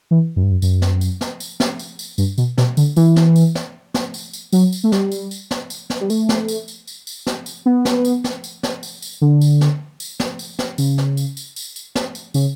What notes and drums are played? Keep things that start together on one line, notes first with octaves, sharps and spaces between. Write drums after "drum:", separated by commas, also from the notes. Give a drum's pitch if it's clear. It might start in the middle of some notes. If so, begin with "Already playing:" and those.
E3
F#2
G2
F#2
F#2, drum: tambourine
drum: snare
drum: tambourine
drum: snare
drum: tambourine
drum: snare
drum: tambourine
drum: tambourine
G2, drum: tambourine
B2, drum: tambourine
B2, drum: snare
D3, drum: tambourine
E3, drum: tambourine
drum: snare
drum: tambourine
drum: snare
drum: snare
drum: tambourine
drum: tambourine
F#3, drum: tambourine
drum: tambourine
A3
G3, drum: snare
drum: tambourine
drum: tambourine
drum: snare
drum: tambourine
drum: snare
G3
A3, drum: tambourine
drum: snare
drum: tambourine
drum: tambourine
drum: tambourine
drum: tambourine
drum: snare
drum: tambourine
B3
drum: snare
drum: tambourine
drum: snare
drum: tambourine
drum: snare
drum: tambourine
drum: tambourine
D3
drum: tambourine
drum: snare
drum: tambourine
drum: snare
drum: tambourine
drum: snare
C#3, drum: tambourine
drum: snare
drum: tambourine
drum: tambourine
drum: tambourine
drum: tambourine
drum: snare
drum: tambourine
C#3, drum: tambourine